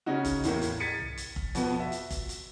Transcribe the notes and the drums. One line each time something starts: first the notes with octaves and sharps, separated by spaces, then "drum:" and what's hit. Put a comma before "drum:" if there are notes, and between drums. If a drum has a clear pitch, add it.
C#3 C#4 D#4 F#4
drum: kick F1, hi-hat
E2 A2 A3 A#3, drum: hi-hat
drum: hi-hat
G#6 A6 B6 C#7 D#7
drum: tom
drum: hi-hat
drum: kick F1
F2 B2 F3 B3, drum: hi-hat
F#4 E5
drum: hi-hat
drum: kick F1, hi-hat
drum: hi-hat